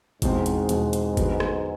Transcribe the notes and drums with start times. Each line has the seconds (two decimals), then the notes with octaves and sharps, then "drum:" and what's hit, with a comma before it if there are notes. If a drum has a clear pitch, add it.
0.22 E2 G#2 B2 G#3 C4, drum: kick G#1, hi-hat
0.46 drum: hi-hat
0.69 E2 B2 G#3 C4, drum: hi-hat
0.93 drum: hi-hat
1.17 D3 F#3 B3, drum: kick G#1, hi-hat
1.40 drum: rim click